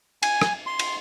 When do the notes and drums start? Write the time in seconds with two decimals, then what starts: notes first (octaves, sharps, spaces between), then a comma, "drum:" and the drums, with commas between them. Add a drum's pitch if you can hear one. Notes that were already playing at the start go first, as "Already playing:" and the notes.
0.23 G#5, drum: cymbal
0.41 drum: rim click
0.66 C6
0.79 drum: cymbal